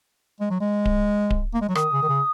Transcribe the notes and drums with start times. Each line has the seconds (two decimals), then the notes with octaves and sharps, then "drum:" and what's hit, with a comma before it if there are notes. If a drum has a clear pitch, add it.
0.40 G#3
0.51 F#3
0.61 G#3
0.85 drum: kick D1
1.30 drum: kick D1
1.54 A#3
1.61 G#3
1.69 F#3
1.75 D#3 D#6, drum: rim click
1.92 C#3
2.02 D#3
2.09 C#3